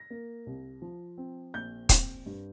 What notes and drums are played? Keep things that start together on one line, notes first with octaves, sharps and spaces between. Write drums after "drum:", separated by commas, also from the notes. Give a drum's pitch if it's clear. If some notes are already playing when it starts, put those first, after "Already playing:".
Already playing: A#6
A#3
C2
F3
C4
A#1 G6
C4, drum: kick D#1, hi-hat
G2